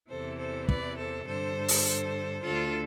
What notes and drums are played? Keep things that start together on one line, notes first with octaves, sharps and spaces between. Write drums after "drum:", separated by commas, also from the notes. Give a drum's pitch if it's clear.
E2 C3 E3 A4 C5
A4 C5
B4 D5, drum: kick
A4 C5
G2 D3 A4 C5
drum: open hi-hat
D2 D3 F4 A4